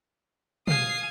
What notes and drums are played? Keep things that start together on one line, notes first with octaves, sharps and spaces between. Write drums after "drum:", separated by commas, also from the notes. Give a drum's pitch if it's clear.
F5 G#5 D#6 C7, drum: tom